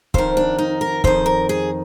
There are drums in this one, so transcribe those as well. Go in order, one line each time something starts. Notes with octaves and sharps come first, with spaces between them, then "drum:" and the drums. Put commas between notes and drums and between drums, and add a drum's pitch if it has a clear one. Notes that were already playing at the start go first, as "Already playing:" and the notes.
F2 D#3 C5, drum: kick C#1
D4
D#4
A#4
F2 D#3 C5, drum: kick C#1
A#4
G#4